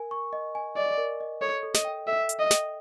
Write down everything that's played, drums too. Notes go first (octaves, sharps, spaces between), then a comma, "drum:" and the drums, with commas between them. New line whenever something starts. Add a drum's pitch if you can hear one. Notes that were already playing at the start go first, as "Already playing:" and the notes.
Already playing: A#4 G#5
C#6
D#5
G#5
D5 D#5
A#4
D#5
A4 C#5
A4
D#5, drum: snare
G5
A4 E5
A4, drum: hi-hat
D#5
G5, drum: snare